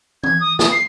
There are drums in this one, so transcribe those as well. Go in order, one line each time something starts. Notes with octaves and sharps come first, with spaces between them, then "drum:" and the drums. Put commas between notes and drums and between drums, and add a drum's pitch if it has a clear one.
G#6, drum: tom
D#6
D#6, drum: snare
C7